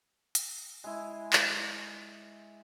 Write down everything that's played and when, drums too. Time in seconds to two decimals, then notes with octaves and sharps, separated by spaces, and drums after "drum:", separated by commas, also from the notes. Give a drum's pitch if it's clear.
0.35 drum: hi-hat
0.84 G#3 E4
1.33 drum: clap